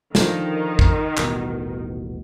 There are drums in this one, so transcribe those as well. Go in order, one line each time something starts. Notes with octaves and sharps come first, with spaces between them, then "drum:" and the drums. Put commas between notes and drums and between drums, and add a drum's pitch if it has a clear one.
D3 D#3 F3, drum: snare
drum: kick
D#1 A1 B2, drum: clap